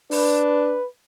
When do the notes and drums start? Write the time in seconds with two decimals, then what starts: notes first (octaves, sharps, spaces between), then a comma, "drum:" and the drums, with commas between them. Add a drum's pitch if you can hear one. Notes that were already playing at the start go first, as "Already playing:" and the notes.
0.11 D4 B4, drum: open hi-hat